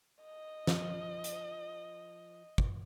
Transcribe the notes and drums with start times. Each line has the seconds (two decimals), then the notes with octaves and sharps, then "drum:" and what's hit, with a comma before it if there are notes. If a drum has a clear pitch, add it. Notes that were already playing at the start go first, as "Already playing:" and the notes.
0.23 D#5
0.67 F3, drum: snare
1.24 drum: hi-hat
2.58 drum: kick